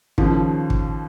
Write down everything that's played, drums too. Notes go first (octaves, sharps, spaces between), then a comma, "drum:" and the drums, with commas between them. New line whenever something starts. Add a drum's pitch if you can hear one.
D#2 C#3 F3, drum: kick
drum: kick